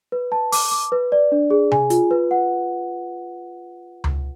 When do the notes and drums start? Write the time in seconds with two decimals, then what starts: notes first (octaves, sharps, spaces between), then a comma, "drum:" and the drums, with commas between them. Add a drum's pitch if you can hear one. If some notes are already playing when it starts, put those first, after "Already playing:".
0.12 B4
0.32 A5
0.52 D6, drum: open hi-hat
0.71 D6
0.92 B4
1.12 D5
1.32 D4
1.50 G#4
1.72 G#5, drum: tom C3
1.90 F4, drum: hi-hat
2.11 B4
2.31 F#5
4.04 drum: tom C#2